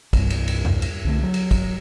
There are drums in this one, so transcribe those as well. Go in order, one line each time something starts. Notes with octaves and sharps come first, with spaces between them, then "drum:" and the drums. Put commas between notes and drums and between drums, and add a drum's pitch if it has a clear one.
C2 G2, drum: kick, cymbal
drum: cymbal
drum: cymbal
drum: tom E2
drum: cymbal
C2 D3 A3
F#3
drum: cymbal
drum: kick, cymbal